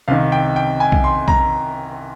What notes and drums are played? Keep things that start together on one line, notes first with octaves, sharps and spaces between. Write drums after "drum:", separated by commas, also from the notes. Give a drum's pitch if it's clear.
C2 C3 D#3 F5
G5
G5
G#5
drum: kick B1
C6
A#5, drum: kick B1